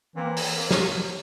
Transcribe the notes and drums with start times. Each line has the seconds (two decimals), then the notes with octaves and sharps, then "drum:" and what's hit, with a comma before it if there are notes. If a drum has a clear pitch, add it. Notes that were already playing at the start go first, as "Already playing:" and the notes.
0.16 E3 A#3 C4
0.37 drum: open hi-hat
0.55 A#3 C4
0.71 drum: snare
0.95 F#3